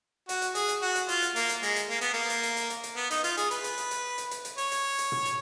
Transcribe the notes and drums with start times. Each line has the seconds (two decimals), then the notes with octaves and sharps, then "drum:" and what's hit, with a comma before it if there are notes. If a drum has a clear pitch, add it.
0.29 F#4, drum: hi-hat
0.42 drum: hi-hat
0.55 G#4, drum: hi-hat
0.69 drum: hi-hat
0.82 F#4
0.96 drum: hi-hat
1.09 F4, drum: hi-hat
1.22 drum: hi-hat
1.36 A#3, drum: hi-hat
1.49 drum: hi-hat
1.63 G#3, drum: hi-hat
1.76 drum: hi-hat
1.89 A#3
2.01 B3, drum: hi-hat
2.13 A#3
2.30 drum: hi-hat
2.43 drum: hi-hat
2.57 drum: hi-hat
2.70 drum: hi-hat
2.84 drum: hi-hat
2.96 B3
3.11 D#4, drum: hi-hat
3.24 F4, drum: hi-hat
3.37 G#4, drum: hi-hat
3.51 B4, drum: hi-hat
3.64 drum: hi-hat
3.78 drum: hi-hat
3.91 drum: hi-hat
4.18 drum: hi-hat
4.31 drum: hi-hat
4.45 drum: hi-hat
4.58 C#5, drum: hi-hat
4.72 drum: hi-hat
4.98 drum: hi-hat
5.12 drum: tom
5.25 drum: hi-hat